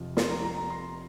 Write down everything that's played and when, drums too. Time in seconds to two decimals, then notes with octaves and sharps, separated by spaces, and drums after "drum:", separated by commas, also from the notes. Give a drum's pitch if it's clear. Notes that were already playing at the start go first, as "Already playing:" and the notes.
Already playing: F1 F2 C3 F3
0.17 C6, drum: snare
0.30 A#5
0.43 A#5
0.56 A#5
0.71 C6